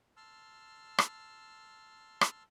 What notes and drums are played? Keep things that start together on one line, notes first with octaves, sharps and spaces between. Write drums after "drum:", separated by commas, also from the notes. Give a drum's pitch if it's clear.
A5 C6 E6 F6
drum: rim click
drum: rim click